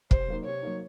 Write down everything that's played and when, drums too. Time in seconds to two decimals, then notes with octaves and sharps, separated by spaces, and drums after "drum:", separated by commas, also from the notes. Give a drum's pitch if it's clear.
0.11 C3 C5, drum: kick
0.28 F#3 A#3 D#4
0.45 C3 C#5
0.62 F#3 A#3 D#4